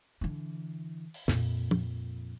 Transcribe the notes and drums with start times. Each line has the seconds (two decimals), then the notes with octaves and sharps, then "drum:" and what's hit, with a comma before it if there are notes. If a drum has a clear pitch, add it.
0.21 D3 E3
1.14 drum: open hi-hat
1.28 F2 A#2, drum: snare
1.71 drum: tom